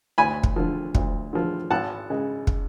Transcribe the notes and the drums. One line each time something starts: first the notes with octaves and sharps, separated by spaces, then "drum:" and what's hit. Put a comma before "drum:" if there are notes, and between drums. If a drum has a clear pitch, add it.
D2 G#5 B5
drum: kick
D3 F3
D2, drum: kick
D3 F3
G#1 F#5 A5
C#3 G#3
drum: kick